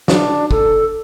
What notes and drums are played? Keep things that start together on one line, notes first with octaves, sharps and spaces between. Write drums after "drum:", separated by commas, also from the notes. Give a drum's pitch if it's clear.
D4, drum: snare
A4, drum: kick